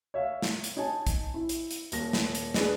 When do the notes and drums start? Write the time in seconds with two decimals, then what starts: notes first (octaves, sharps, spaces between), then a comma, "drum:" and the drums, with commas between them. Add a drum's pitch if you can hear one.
0.14 C#5 E5 F5
0.42 drum: snare
0.64 drum: hi-hat
0.77 D#4 C#5 G#5 A5
1.07 drum: kick A#1, hi-hat
1.34 E4
1.49 drum: hi-hat
1.71 drum: hi-hat
1.92 D#1 A#6, drum: hi-hat
2.13 drum: snare
2.35 drum: hi-hat
2.54 D4 G#4 B4 D#5, drum: snare